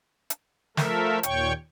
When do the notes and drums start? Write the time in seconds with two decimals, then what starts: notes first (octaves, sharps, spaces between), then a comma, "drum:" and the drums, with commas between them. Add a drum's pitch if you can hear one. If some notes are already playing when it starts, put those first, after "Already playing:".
0.30 drum: hi-hat
0.77 F3 A3 A4 A#4 E5, drum: snare
1.23 D#2 A#2 C#5 G5 C#6, drum: hi-hat